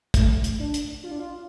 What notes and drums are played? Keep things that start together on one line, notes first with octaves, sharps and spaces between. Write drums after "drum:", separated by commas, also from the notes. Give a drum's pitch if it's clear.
A3, drum: kick, hi-hat
drum: hi-hat
D4
drum: hi-hat
F4
D4
F4